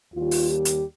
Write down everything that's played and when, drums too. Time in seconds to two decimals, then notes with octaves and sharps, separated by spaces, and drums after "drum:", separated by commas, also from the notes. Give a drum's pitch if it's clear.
0.14 D#2 D#3 G3 F4
0.31 drum: open hi-hat
0.48 G4
0.65 drum: hi-hat